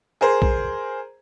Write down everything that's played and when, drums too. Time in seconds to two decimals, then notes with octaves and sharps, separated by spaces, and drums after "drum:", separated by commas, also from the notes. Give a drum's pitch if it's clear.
0.21 G#4 A#4 C5
0.42 drum: kick